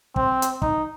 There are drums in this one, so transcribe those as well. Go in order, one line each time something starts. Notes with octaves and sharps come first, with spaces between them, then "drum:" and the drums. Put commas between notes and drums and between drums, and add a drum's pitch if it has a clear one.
C4, drum: kick
drum: hi-hat
D#4, drum: kick